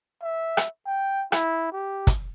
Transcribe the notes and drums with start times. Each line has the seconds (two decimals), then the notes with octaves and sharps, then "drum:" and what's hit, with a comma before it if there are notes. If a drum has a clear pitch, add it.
0.22 E5
0.57 drum: rim click
0.86 G5
1.32 E4, drum: rim click
1.72 G4
2.07 drum: kick, hi-hat